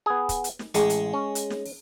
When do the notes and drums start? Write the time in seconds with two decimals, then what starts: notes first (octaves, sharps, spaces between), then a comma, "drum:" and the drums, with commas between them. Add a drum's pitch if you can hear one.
0.06 B3 G#4
0.29 drum: kick, hi-hat
0.44 drum: hi-hat
0.59 drum: snare
0.74 A1 G#3 C#6, drum: hi-hat
0.90 drum: hi-hat
1.13 C#4
1.35 drum: hi-hat
1.50 drum: snare
1.66 drum: open hi-hat